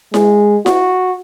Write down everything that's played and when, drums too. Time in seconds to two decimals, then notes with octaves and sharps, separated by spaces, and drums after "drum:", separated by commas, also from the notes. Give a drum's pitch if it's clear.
0.14 G#3, drum: snare E4
0.66 F#4, drum: snare E4